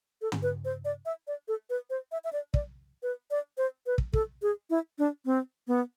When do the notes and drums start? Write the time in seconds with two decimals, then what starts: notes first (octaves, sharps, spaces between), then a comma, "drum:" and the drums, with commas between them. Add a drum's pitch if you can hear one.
0.22 A4
0.32 drum: tom
0.43 B4
0.65 C5
0.85 D5
1.06 E5
1.27 D5
1.48 A4
1.70 B4
1.90 C5
2.12 E5
2.24 E5
2.33 D5
2.54 D5, drum: kick
3.03 B4
3.31 D5
3.58 C5
3.86 B4
3.98 drum: kick
4.13 A4, drum: kick
4.42 G#4
4.70 E4
4.99 D4
5.25 C4
5.68 B3